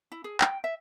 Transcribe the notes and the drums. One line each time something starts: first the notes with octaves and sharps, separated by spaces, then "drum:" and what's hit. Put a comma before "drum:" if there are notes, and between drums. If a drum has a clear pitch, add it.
E4
G#4
G5, drum: clap
E5